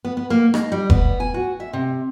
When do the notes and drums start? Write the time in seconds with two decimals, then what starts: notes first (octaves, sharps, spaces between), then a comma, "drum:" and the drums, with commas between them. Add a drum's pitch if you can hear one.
0.05 B3
0.17 B3
0.30 A#3
0.54 D#4, drum: rim click
0.72 G3
0.90 B3, drum: kick F1
1.20 G#5
1.34 F#4
1.60 E5
1.73 C3